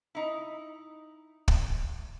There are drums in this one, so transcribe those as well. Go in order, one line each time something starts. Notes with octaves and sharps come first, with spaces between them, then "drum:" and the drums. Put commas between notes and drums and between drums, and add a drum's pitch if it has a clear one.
D#4 E4
drum: kick